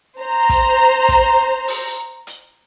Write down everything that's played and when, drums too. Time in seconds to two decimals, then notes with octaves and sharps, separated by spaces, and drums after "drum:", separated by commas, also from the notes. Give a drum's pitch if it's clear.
0.20 C5 A#5
0.49 drum: kick, hi-hat
1.09 drum: kick, hi-hat
1.68 drum: open hi-hat
2.27 drum: hi-hat